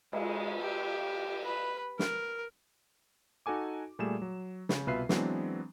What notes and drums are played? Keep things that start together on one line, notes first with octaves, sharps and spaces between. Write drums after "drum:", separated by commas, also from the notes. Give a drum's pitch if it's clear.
G#3, drum: cymbal
G4
B4
A#4, drum: snare
D#4 F#4 A4 G#5 D6
A#2 G3 A3 G#4 E7
F#3
C#3, drum: snare
C2 B2 F4 B4 E5 C7
E3 F#3 G#3 B3 C4 D4, drum: snare